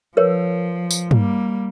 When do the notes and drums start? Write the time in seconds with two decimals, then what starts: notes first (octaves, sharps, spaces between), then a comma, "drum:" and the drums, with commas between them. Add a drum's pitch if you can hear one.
0.17 F3 A#4 B4 C#5
0.91 drum: tambourine
1.11 G3 A#3, drum: tom